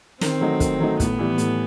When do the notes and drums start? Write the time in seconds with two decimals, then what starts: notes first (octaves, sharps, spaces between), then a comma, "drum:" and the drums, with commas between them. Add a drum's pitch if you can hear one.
0.21 D#3 C4, drum: snare
0.41 F#3 A3 D#4
0.60 D#3, drum: kick, hi-hat
0.80 F#3 A3 D#4
1.00 A2 B3, drum: kick, hi-hat
1.19 E3 G3
1.38 A2, drum: hi-hat